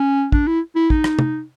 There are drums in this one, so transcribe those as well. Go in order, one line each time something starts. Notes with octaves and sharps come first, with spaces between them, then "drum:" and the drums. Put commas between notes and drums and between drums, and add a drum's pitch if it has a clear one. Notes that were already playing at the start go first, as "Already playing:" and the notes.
Already playing: C#4
D4, drum: kick
E4
E4
D#4, drum: kick
drum: rim click
drum: tom